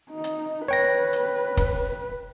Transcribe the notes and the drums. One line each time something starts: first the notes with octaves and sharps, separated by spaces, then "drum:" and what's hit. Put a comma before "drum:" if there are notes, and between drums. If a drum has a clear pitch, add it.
D#4
drum: hi-hat
B4 C#5 G5 A#6
drum: hi-hat
drum: kick, hi-hat